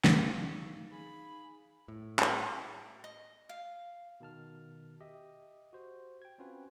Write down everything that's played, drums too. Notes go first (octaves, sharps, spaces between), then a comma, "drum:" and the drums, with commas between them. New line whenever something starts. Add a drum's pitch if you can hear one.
drum: snare
D#4 F5 C#6 E6
G#4 B5
A2
drum: clap
D#5
F5
B2 D#3 A5 F6
G4 D#5 E5
F#4 C5
G5 G#6
C4 C#4 F4 F#4 B4